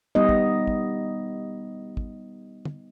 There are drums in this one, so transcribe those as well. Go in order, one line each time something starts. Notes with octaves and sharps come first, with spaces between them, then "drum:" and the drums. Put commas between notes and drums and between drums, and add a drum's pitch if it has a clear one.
G3 B3 D#4 G4 D#5
drum: kick
drum: kick
drum: kick
drum: tom